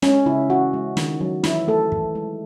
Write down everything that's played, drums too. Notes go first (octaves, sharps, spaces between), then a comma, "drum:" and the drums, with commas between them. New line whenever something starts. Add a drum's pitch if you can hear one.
G#3 C#4, drum: snare
C#3 E4
E3 F#4
G#3
D#3, drum: snare
F#3
E3 E4, drum: snare
A3 A4
E3, drum: kick
G#3